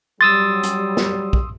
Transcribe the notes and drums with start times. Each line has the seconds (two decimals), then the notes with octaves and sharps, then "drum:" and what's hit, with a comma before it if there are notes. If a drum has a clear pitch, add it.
0.21 F#3 G3 C6 D#6 E6 A6
0.63 drum: hi-hat
0.97 drum: snare
1.33 drum: kick